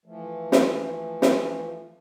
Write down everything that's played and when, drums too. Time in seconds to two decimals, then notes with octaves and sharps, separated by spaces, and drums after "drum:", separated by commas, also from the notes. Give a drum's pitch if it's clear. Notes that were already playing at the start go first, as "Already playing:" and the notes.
0.06 E3 F3 A3
0.52 drum: snare
1.22 drum: snare